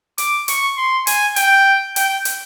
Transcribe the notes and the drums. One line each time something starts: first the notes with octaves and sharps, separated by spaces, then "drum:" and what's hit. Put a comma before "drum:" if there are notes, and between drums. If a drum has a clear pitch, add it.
D6, drum: hi-hat
C#6, drum: hi-hat
C6
G#5, drum: hi-hat
G5, drum: hi-hat
G5, drum: hi-hat
drum: hi-hat